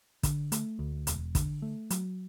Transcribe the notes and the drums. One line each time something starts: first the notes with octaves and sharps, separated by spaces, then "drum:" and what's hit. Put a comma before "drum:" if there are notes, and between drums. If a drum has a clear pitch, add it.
D3, drum: kick, hi-hat
A3, drum: hi-hat
D2
E1, drum: hi-hat
D3, drum: kick, hi-hat
A3
F#3, drum: hi-hat